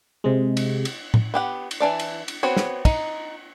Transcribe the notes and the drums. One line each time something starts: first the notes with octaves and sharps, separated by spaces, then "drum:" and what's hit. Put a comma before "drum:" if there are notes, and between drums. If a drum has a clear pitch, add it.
C3 G#3
drum: cymbal
drum: cymbal
drum: tom A2
B3 G4 F#5
drum: cymbal
E3 C#4 D4 D5
drum: cymbal
drum: cymbal
B3 C4 F#4 C#5
drum: snare
D#4, drum: kick, cymbal